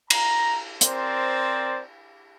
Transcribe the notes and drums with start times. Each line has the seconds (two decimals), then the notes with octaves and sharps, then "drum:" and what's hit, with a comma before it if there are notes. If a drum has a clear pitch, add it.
0.10 A#5, drum: cymbal
0.81 C4 A#4 C5 D5, drum: hi-hat